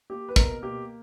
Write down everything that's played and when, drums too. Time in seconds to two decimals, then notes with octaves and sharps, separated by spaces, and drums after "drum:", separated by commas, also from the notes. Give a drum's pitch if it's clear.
0.10 A#3 G4
0.29 B4
0.36 B2 A#4, drum: kick
0.62 A#3 G4